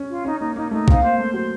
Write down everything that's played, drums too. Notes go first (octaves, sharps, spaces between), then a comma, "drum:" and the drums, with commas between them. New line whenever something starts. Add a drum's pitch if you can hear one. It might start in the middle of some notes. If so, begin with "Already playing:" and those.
Already playing: C#4
F4
C#4 D#4
A#3 D#4
A#3 D#4
A3 D#4
C4 F5, drum: kick
A#3 C5
A3 C6
F#3 C5